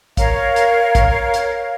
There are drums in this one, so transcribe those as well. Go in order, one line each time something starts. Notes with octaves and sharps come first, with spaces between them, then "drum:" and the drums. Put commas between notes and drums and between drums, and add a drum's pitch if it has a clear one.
A#4 C#5 F5, drum: kick, hi-hat
drum: hi-hat
drum: kick, hi-hat
drum: hi-hat